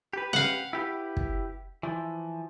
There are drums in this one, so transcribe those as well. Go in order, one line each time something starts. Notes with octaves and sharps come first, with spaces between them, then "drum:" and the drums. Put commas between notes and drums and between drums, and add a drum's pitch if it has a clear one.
G4 B4
F5 F#5, drum: snare
E4 G4 B4
drum: kick
E3 F3